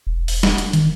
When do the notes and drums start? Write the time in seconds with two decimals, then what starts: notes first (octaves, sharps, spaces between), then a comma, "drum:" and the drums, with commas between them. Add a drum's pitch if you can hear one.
0.07 E1
0.28 drum: open hi-hat
0.43 drum: snare
0.58 drum: hi-hat
0.73 D#3, drum: hi-hat